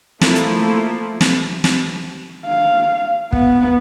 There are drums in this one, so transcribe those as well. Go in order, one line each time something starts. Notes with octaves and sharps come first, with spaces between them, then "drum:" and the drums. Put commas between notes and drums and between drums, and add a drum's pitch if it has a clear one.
F3 A3 A#3 E4 F4 A4, drum: snare
drum: hi-hat
drum: snare
drum: snare
F5
B3, drum: kick